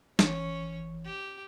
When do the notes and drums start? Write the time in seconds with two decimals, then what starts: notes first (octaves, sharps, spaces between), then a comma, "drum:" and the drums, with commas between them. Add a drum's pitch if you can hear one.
0.19 G1 E3 C#4 C#5, drum: snare
1.05 G4